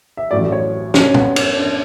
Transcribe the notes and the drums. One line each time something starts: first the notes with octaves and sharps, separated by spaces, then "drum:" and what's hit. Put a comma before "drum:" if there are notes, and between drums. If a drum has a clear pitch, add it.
E5
A1 A2 F#3 D5
C#5
C#4, drum: snare
B3, drum: tom
C#4, drum: cymbal
D4